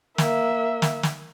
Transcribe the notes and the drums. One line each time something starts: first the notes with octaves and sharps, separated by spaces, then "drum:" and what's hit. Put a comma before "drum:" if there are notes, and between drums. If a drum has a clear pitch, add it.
A#3 E5, drum: snare
drum: snare
drum: snare